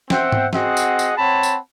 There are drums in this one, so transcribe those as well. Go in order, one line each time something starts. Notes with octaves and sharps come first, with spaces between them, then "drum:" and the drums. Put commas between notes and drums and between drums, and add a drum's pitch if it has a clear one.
C4 C5 E5 F#5 G5, drum: snare
drum: tom G#2
C4 F#4 G#4 D#5 F#5, drum: snare
drum: tambourine
drum: tambourine
C4 C#5 F#5 A5 B5
drum: tambourine